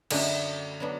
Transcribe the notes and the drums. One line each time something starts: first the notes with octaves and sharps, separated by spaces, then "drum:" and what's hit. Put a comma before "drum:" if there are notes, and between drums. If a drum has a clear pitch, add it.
F#2 D3 A3, drum: cymbal
F#3 B3 D4